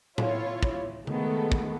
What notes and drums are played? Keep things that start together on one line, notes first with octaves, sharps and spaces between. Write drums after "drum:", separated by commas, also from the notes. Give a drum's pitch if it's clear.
E4 F4 C#5, drum: tom A2
drum: kick
D#3 G#3 A3 B3 A4, drum: tom C#3
drum: kick